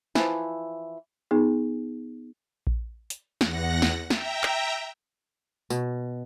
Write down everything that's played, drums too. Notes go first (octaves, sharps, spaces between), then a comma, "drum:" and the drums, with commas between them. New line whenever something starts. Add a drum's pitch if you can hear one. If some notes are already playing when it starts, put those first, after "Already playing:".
E3 F3, drum: snare
B3 D#4 G#4
drum: kick A#1
drum: hi-hat
E2 F#5 A#6, drum: snare
drum: snare
E5 G5 A#5, drum: snare
drum: clap
B2, drum: tambourine